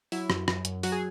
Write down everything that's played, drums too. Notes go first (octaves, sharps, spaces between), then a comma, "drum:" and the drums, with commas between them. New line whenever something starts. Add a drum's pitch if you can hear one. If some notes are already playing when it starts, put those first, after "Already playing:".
F#3 E4, drum: open hi-hat
F#2, drum: rim click
F#2, drum: rim click
F#2, drum: hi-hat
F#3 F#4, drum: open hi-hat
G#4